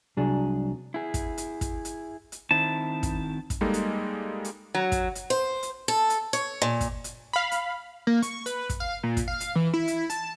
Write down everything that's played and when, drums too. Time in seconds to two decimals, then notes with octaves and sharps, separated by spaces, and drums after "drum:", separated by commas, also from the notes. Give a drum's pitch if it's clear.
0.17 C2 F#3 D4 G#4
0.94 E4 G#4
1.14 drum: kick, hi-hat
1.38 drum: hi-hat
1.61 drum: kick, hi-hat
1.85 drum: hi-hat
2.32 drum: hi-hat
2.51 D#3 C4 E4 A5
3.03 drum: kick, hi-hat
3.50 drum: kick, hi-hat
3.61 G3 G#3 A#3 D#4 A4
3.74 drum: hi-hat
4.45 drum: hi-hat
4.75 F#3
4.92 drum: kick, hi-hat
5.15 drum: hi-hat
5.30 C5
5.63 drum: hi-hat
5.88 A4
6.10 drum: hi-hat
6.33 C#5, drum: hi-hat
6.62 A#2
6.81 drum: kick, hi-hat
7.04 drum: hi-hat
7.33 F5 B5
7.51 drum: hi-hat
8.07 A#3
8.23 C#6, drum: hi-hat
8.46 B4, drum: hi-hat
8.70 drum: kick, hi-hat
8.80 F5
9.03 A#2
9.17 drum: kick, hi-hat
9.28 F5
9.40 drum: hi-hat
9.56 E3
9.74 E4
9.88 drum: hi-hat
10.10 A5, drum: hi-hat